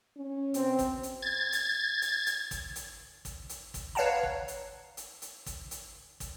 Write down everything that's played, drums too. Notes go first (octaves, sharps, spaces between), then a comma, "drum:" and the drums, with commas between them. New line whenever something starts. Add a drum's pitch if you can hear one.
C#4
B2 C4, drum: hi-hat
drum: kick, hi-hat
drum: hi-hat
G#6 A6
drum: hi-hat
drum: hi-hat
drum: hi-hat
drum: kick, hi-hat
drum: hi-hat
drum: kick, hi-hat
drum: hi-hat
drum: kick, hi-hat
B4 C#5 F5 F#5 A5 A#5
drum: kick
drum: hi-hat
drum: hi-hat
drum: hi-hat
drum: kick, hi-hat
drum: hi-hat
drum: kick, hi-hat